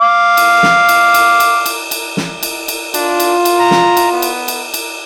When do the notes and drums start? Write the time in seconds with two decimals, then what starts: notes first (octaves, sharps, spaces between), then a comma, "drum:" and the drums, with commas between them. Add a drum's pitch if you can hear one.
0.01 F5 D6
0.37 drum: cymbal
0.63 drum: snare
0.89 drum: cymbal
1.14 drum: cymbal
1.40 drum: cymbal
1.66 drum: cymbal
1.91 drum: cymbal
2.17 drum: snare
2.43 drum: cymbal
2.68 drum: cymbal
2.94 D4 F4, drum: cymbal
3.20 drum: cymbal
3.45 drum: cymbal
3.59 A#5
3.71 drum: snare
3.97 drum: cymbal
4.12 B3
4.22 drum: cymbal
4.48 drum: cymbal
4.74 drum: cymbal